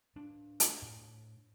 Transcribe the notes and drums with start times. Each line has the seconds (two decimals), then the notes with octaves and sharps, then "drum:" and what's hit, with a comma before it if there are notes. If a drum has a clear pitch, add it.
0.16 A2 D4
0.60 drum: hi-hat
0.82 A2